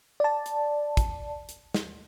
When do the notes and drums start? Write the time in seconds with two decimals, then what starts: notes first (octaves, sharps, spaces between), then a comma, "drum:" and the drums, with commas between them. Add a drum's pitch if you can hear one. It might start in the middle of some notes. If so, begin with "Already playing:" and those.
0.20 D5 A5
0.46 drum: hi-hat
0.97 drum: kick, hi-hat
1.49 drum: hi-hat
1.74 drum: snare